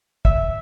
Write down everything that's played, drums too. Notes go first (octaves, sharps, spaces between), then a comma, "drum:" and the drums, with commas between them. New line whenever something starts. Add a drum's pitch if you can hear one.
E5, drum: kick